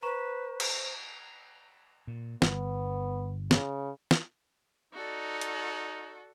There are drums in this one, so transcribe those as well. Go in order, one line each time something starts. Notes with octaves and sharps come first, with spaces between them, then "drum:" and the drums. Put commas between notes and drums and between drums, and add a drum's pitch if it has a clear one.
B4 C5 A#5 C#6 E7
drum: cymbal
A#2
G1 B3, drum: snare
C#3, drum: snare
drum: snare
D#4 F#4 A4 D5
drum: hi-hat